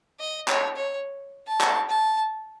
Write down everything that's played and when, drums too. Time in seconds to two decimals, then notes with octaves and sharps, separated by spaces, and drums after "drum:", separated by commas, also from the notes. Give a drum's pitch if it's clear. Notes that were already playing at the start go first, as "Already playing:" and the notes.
0.20 D#5
0.48 C#5, drum: clap
0.76 C#5
1.47 A5
1.61 drum: clap
1.89 A5